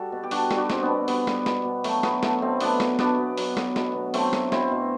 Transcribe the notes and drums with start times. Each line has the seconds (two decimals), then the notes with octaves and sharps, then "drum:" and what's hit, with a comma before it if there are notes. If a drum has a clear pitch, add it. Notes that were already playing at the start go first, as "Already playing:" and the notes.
Already playing: G3 F#4 A4
0.12 B2
0.23 G4
0.31 G3 D4 F#4, drum: open hi-hat
0.51 G3, drum: snare
0.57 D4 F#4
0.70 B2 C4, drum: snare
0.82 B3 D4
0.89 B2
1.08 G3 B3, drum: open hi-hat
1.27 G3, drum: snare
1.46 B2, drum: snare
1.65 B2
1.84 F#3 A3, drum: open hi-hat
2.03 F#3 B3, drum: snare
2.23 B2 A3, drum: snare
2.42 B2 A3 C4
2.60 F#3 B3 D4, drum: open hi-hat
2.80 F#3, drum: snare
2.99 B2 B3 D4, drum: snare
3.18 B2
3.37 F#3, drum: open hi-hat
3.57 F#3, drum: snare
3.76 B2, drum: snare
3.94 B2
4.14 F#3 A3 C4, drum: open hi-hat
4.33 F#3, drum: snare
4.52 B2 C4 E4, drum: snare
4.71 B2